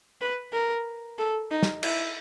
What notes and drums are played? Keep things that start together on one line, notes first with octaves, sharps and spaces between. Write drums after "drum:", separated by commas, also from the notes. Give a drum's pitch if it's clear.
B4
A#4
A4
D#4
drum: snare
E4, drum: cymbal